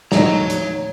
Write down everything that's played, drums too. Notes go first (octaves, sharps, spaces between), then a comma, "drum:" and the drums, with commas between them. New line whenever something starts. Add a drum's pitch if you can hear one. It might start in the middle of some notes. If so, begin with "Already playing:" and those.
A2 D#4 C#5 A#5, drum: snare
drum: hi-hat